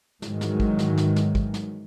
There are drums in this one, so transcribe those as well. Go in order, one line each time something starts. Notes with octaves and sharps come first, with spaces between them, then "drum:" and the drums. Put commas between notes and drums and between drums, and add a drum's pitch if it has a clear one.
G#2 D#3 E3 F#3 G#3, drum: snare
drum: snare
drum: kick
drum: snare
drum: snare
drum: snare
drum: kick
drum: snare